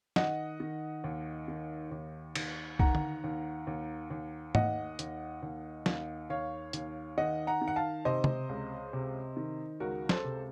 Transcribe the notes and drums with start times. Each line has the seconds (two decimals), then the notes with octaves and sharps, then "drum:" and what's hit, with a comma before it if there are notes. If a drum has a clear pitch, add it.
0.16 D#3 D#5 F#5, drum: snare
0.60 D#3
1.04 D#2
1.48 D#3
1.91 D#2
2.35 D#2, drum: cymbal
2.79 D#3 F#5 A#5, drum: kick B1
2.95 drum: tom D3
3.24 D#2
3.67 D#2
4.10 D#2
4.55 D#2 D#5 F#5, drum: tom G#2
4.99 D#2, drum: hi-hat
5.42 D#2
5.86 D#2, drum: snare
6.30 D#2 C#5 F5
6.73 D#2, drum: hi-hat
7.18 D#3 D#5 F#5
7.47 F#5 A#5
7.62 D#3
7.68 F#5
7.76 F5 A5
8.05 C3 C5 D#5
8.24 drum: tom C3
8.49 C#2
8.93 C3
9.37 D#3
9.80 C#2 F#4 A#4
10.09 A4 C5, drum: snare
10.24 C3